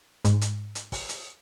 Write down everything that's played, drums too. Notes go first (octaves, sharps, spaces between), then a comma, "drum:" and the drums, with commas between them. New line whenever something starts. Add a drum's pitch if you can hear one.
G#2, drum: kick, hi-hat
drum: hi-hat
drum: hi-hat
drum: kick, open hi-hat
drum: hi-hat